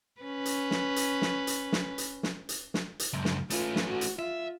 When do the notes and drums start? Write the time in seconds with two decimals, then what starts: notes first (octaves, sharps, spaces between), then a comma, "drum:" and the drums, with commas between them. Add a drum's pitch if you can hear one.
0.22 C#4 B4
0.45 drum: hi-hat
0.71 drum: snare
0.96 drum: hi-hat
1.22 drum: snare
1.47 drum: hi-hat
1.72 drum: snare
1.98 drum: hi-hat
2.23 drum: snare
2.49 drum: hi-hat
2.74 drum: snare
2.99 drum: hi-hat
3.13 C#2 F#2
3.25 drum: snare
3.50 A3 C#4 F4 B4, drum: hi-hat
3.76 drum: snare
3.87 F#4
4.01 drum: hi-hat
4.19 F4 E5